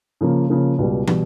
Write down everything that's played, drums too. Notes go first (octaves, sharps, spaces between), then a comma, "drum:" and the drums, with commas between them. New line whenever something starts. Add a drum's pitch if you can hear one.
C#3 F3 A#3
C#3 F3 A#3
C#2 B2 G3
B2 G3, drum: tom